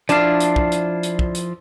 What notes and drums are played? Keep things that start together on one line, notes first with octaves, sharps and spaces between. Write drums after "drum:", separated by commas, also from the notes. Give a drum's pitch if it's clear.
F3 D4 E4 F5, drum: hi-hat
drum: hi-hat
drum: kick
drum: hi-hat
drum: hi-hat
drum: kick
drum: hi-hat